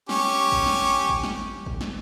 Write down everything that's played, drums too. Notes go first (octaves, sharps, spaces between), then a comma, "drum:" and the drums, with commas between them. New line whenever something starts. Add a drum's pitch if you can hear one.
C#4 G4 C#6, drum: snare
drum: kick G#1
drum: snare
drum: kick G#1
drum: snare
drum: kick G#1
drum: snare